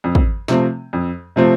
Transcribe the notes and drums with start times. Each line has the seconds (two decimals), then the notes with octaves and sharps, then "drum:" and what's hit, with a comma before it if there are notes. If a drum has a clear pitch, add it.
0.04 F2
0.15 drum: kick
0.48 C3 F3 A3 C4, drum: snare
0.93 F2
1.36 C3 F3 A3 C4